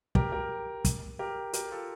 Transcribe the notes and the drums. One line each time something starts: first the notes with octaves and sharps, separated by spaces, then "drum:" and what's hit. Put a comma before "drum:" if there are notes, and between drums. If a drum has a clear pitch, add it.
G4 A#4, drum: kick
G4 A#4
drum: kick, hi-hat
G4 A#4
G4 A#4, drum: hi-hat
F4 A4